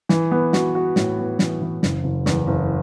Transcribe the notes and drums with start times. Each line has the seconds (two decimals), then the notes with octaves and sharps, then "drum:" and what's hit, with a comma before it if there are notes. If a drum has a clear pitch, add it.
0.09 E3, drum: snare
0.31 B3
0.53 F#4, drum: snare
0.75 F#4
0.96 A2, drum: snare
1.18 B3
1.39 E3, drum: snare
1.61 E3
1.83 F#1, drum: snare
2.04 F#1
2.26 E2, drum: snare
2.47 F#1